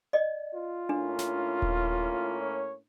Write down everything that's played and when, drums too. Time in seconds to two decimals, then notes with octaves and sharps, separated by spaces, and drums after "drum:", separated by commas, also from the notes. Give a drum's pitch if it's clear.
0.13 D5 D#5
0.55 F4
0.89 A2 A#3 C#4 D4
1.19 drum: snare
1.62 drum: kick D#1
2.42 C#5